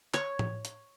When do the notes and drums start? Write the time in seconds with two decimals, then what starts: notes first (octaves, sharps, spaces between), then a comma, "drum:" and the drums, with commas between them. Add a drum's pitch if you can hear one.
0.14 C#5, drum: clap
0.39 drum: tom A2
0.65 drum: hi-hat